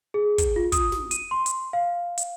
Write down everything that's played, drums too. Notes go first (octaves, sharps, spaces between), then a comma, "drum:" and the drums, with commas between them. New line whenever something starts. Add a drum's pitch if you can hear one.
G#4
drum: kick, hi-hat
F4
D#6, drum: kick, hi-hat
drum: snare
D#7, drum: hi-hat
C6
drum: hi-hat
F5
drum: hi-hat